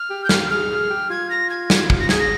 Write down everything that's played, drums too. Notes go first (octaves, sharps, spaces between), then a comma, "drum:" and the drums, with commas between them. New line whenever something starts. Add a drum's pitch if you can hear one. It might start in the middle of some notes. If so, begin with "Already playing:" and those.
Already playing: F6
G4
G6
G4 F6, drum: snare
G#4 F6
G#4
G4
F4 G#6
A#6
G#6
drum: snare
F4, drum: kick
A#6
G#4 G#6, drum: snare
A#6